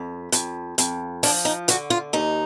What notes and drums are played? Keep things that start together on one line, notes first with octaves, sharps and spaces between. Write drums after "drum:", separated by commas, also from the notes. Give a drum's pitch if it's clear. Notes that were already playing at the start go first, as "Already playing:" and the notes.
Already playing: F2
F2, drum: hi-hat
F2, drum: hi-hat
F3 D4, drum: open hi-hat
D#4
D3 F#4, drum: hi-hat
F4
D#2 D#4